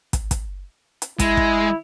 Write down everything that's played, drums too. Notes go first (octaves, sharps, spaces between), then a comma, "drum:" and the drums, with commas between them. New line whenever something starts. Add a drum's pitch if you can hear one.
drum: kick, hi-hat
drum: kick, hi-hat
drum: hi-hat
G#3 E4, drum: kick, hi-hat
drum: kick